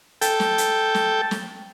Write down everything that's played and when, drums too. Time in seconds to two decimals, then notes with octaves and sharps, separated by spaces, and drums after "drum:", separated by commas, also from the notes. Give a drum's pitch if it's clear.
0.21 A4 G5, drum: hi-hat
0.40 drum: snare
0.58 drum: hi-hat
0.95 drum: snare
1.31 drum: snare